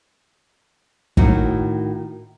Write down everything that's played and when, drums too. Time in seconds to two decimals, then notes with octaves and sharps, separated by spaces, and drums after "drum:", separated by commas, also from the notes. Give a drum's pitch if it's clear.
1.17 A2 D#3 E4 F#4, drum: kick